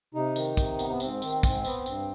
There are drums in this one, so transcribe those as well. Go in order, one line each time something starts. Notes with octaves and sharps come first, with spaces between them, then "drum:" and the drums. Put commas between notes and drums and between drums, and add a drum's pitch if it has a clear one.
C3 D#4
D#3, drum: tambourine
C3, drum: kick, tambourine
B3, drum: tambourine
B3
G#2 C4, drum: tambourine
D#3, drum: tambourine
G#2, drum: kick, tambourine
B3, drum: tambourine
G2, drum: tambourine